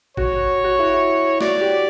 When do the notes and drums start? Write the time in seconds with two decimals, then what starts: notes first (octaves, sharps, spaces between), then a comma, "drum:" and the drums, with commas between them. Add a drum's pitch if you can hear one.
0.17 F#4 C#5, drum: kick G#1
0.64 F#4
0.79 E4
1.41 F#4 D5, drum: snare
1.61 G4